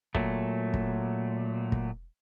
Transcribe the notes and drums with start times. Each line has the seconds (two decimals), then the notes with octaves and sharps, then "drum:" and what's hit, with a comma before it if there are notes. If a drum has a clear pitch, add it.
0.15 A#2 F#3 A3, drum: kick
0.74 drum: kick
1.72 drum: kick